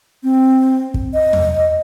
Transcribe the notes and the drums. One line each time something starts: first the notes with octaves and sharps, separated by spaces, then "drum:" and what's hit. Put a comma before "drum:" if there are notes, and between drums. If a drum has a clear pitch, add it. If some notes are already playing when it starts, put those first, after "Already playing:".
C4
drum: kick
D#5
drum: tom E2